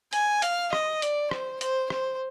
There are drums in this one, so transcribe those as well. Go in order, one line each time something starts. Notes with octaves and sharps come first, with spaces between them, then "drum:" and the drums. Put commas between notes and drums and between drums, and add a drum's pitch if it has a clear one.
G#5, drum: hi-hat
F5, drum: hi-hat
D#5, drum: rim click
D5, drum: hi-hat
C5, drum: rim click
C5, drum: hi-hat
C5, drum: rim click